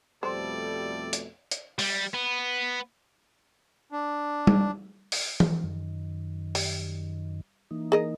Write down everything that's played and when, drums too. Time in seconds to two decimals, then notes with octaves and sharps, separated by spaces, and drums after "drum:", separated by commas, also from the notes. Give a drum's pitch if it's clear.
0.23 F2 B2 G3 A3 A4 C5 D5
1.13 drum: hi-hat
1.51 drum: hi-hat
1.79 G3, drum: open hi-hat
2.14 B3
3.92 D4
4.47 drum: tom G3
5.12 drum: open hi-hat
5.40 drum: tom E3
5.64 F#2 D#3
6.55 G3, drum: open hi-hat
7.71 E3 A#3 D#4
7.92 G#4 A#4 D#5